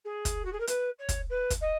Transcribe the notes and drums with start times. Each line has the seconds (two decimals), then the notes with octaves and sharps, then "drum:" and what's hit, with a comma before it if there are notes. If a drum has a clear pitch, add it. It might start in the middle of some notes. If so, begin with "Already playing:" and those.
0.05 G#4
0.25 drum: kick, hi-hat
0.45 F#4
0.52 G#4
0.60 A#4
0.67 B4, drum: hi-hat
0.98 C#5
1.09 drum: kick, hi-hat
1.29 B4
1.50 drum: kick, hi-hat
1.61 D#5